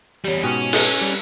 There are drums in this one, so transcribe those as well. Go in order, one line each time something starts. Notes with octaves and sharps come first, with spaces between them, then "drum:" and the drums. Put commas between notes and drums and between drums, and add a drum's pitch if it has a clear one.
E2 G3 G4 C#5
G#2 B2 C#4 G5 D#6 F6 F#6
A4 B4 D#5, drum: cymbal
G3